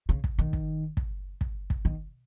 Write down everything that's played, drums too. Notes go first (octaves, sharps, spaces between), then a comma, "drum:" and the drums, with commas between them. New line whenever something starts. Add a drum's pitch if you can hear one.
C#3
drum: kick
D#3
drum: kick
drum: kick
drum: kick
drum: kick
D#3